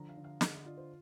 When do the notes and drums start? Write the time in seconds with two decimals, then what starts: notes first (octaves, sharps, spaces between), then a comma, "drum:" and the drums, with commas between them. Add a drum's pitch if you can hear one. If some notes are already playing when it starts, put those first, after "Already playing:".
Already playing: D3 F3 A#5
0.09 F5
0.17 D3
0.24 F5
0.41 D3 D#5, drum: snare
0.55 D#5
0.65 F4 D5
0.77 C5